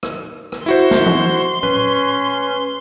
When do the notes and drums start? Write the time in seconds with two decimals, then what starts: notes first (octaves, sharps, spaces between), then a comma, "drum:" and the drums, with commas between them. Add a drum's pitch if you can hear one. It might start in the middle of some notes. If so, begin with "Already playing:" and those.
0.03 drum: rim click
0.52 drum: rim click
0.66 E4 F#4 C5 C6, drum: tambourine
0.91 drum: snare
1.06 drum: tom E3
1.63 C#4 B4, drum: tom